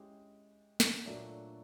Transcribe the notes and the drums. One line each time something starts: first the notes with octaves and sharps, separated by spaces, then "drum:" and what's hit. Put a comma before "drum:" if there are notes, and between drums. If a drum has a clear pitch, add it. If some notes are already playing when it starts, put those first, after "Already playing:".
Already playing: G#3 C#4 E4 G4
drum: snare
A#2 F#3 A3 D4